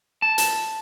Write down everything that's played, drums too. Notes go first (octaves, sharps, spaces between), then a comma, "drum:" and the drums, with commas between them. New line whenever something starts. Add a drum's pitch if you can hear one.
A5
drum: hi-hat